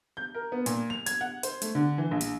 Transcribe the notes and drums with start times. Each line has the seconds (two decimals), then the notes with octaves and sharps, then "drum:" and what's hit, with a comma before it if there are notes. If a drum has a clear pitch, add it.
0.17 G6
0.35 A#4
0.52 B3
0.66 A#2, drum: hi-hat
0.90 F7
1.06 G#6, drum: hi-hat
1.21 F#5
1.43 C5, drum: hi-hat
1.62 A3, drum: hi-hat
1.75 D3
1.98 E3
2.11 A#1
2.21 drum: hi-hat